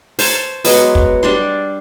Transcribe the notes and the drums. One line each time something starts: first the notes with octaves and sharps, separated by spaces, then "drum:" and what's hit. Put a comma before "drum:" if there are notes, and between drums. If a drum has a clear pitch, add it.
C5 C#5 A5, drum: open hi-hat
F#3 G#3 B3, drum: open hi-hat
drum: kick
G3 D4 D5 C6